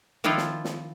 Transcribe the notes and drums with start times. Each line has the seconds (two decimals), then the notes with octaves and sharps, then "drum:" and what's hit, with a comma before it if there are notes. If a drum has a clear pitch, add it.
0.24 D#3 F3 D4 E4 F4
0.37 drum: snare
0.65 drum: snare